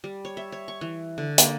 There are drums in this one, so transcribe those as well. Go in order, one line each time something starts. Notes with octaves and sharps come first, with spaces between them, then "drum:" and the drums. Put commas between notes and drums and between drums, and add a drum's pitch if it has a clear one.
G3
C#5
E5
C#5
C#6
E3
D3
A#3, drum: hi-hat